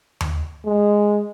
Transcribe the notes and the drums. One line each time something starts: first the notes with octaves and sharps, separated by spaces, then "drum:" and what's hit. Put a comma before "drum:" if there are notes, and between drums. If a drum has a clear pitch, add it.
drum: tom D#2
G#3